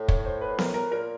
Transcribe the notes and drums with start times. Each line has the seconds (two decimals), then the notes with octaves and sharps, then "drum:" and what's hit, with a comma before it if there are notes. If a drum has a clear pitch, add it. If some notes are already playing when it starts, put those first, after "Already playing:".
Already playing: A2
0.08 C#5, drum: kick
0.25 C5
0.41 B4
0.58 A#4, drum: snare B3
0.74 A#4
0.91 A#2 A#4